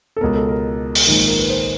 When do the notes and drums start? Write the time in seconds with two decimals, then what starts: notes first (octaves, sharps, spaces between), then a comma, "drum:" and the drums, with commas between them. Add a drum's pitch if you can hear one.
0.16 A4
0.21 C#2 B2 A#4
0.36 A4
0.49 A#4
0.95 drum: open hi-hat
1.07 A#1 G#2 D#3
1.28 A#4
1.39 B4
1.49 C5